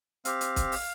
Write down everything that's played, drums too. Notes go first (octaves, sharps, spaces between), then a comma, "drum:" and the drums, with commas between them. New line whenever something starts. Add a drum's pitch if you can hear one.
C4 G4 F5, drum: hi-hat
drum: hi-hat
drum: kick, hi-hat
drum: open hi-hat